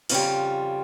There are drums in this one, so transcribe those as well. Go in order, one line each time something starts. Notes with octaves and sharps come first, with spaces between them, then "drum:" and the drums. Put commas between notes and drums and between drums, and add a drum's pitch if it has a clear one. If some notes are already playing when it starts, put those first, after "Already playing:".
F2 C#3 G3 F4, drum: open hi-hat